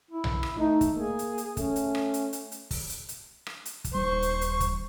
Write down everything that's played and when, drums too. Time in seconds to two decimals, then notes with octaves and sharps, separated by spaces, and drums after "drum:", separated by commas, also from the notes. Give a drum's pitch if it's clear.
0.11 E4
0.24 drum: tom B1
0.43 drum: rim click
0.59 A3 D#4
0.81 drum: kick, hi-hat
0.96 A#3 G#4
1.19 drum: hi-hat
1.38 drum: hi-hat
1.57 A3 C#4, drum: kick, hi-hat
1.76 drum: hi-hat
1.95 drum: rim click
2.14 drum: hi-hat
2.33 drum: hi-hat
2.52 drum: hi-hat
2.71 drum: kick, open hi-hat
2.90 drum: hi-hat
3.09 drum: hi-hat
3.47 drum: rim click
3.65 drum: hi-hat
3.84 drum: kick, hi-hat
3.94 D#1 D#2 G3 C5 C#6
4.22 drum: hi-hat
4.41 drum: hi-hat
4.60 drum: kick, hi-hat